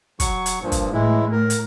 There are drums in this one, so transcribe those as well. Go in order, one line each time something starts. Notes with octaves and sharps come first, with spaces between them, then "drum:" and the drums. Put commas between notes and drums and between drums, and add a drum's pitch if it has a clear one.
F#3 C#6, drum: kick, hi-hat
drum: hi-hat
G2 A#2 F3
drum: kick, hi-hat
A2 E3 G#3 E4
A#4
drum: hi-hat